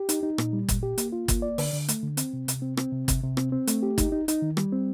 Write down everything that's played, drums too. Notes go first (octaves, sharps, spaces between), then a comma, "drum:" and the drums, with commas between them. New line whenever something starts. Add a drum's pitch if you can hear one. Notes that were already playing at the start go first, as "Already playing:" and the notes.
Already playing: G4
D#4, drum: hi-hat
D#4
A#2, drum: rim click
G3
A#2, drum: kick, hi-hat
G4
A#3, drum: hi-hat
F4
A#3, drum: kick, hi-hat
D5
D3, drum: open hi-hat
D3
A3, drum: hi-hat
D3
C4, drum: hi-hat
C3
C3, drum: hi-hat
C4
C4, drum: rim click
C3
C3, drum: kick, hi-hat
C3
C4, drum: rim click
C4
A3, drum: hi-hat
G4
D#4, drum: kick, hi-hat
D#4
D#4, drum: hi-hat
D#3
G3, drum: rim click
C4